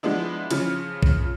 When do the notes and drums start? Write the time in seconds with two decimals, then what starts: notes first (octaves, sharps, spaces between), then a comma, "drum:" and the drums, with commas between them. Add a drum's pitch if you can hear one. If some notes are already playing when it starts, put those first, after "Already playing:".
0.03 F3 G#3 B3 D4 E4
0.51 C#3 F3 C#4, drum: hi-hat
1.03 drum: kick